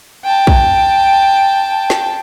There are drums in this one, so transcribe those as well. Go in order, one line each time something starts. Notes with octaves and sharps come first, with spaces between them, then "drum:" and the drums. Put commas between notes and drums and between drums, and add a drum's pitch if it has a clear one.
G5 A5
drum: kick A#1
drum: snare